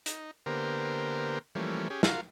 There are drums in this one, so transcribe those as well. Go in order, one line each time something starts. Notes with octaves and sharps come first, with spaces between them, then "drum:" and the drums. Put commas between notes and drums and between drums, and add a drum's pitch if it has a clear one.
D#4, drum: hi-hat
D3 A#3 B3 G4 A#4 C5
E3 F3 G3 A3 A#3 C#4
C#4 G4 G#4
F4 F#4 A#4 F5, drum: snare